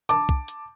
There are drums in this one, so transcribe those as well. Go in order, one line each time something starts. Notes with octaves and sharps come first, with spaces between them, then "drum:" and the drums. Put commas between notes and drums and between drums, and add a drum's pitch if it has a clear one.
A5 D6, drum: hi-hat
drum: kick C2
drum: hi-hat